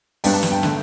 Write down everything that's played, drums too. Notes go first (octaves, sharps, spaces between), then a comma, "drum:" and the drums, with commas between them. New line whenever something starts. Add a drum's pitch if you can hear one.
G2 G3 B3 D4 G5, drum: open hi-hat
A5
drum: snare
G5
D3 A3, drum: snare